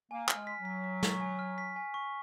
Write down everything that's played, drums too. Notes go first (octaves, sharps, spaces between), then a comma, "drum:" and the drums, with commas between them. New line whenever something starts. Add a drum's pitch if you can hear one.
A#3 G#5
A#3 F6, drum: clap
G#3
B6
F#3
B6
B6
C#6, drum: snare
G#5
F6
B6
G#5
C#6